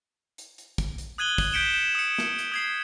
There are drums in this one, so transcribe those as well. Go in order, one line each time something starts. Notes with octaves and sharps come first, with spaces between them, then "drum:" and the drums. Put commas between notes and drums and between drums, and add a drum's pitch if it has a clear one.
drum: hi-hat
drum: hi-hat
drum: kick, hi-hat
drum: hi-hat
D#6 F#6 G#6 D#7 F#7 G7
drum: kick, open hi-hat
G6 B6 C#7 D7 E7 G7
E7
D#6 C#7
drum: snare
drum: hi-hat
D#6 G#6 C7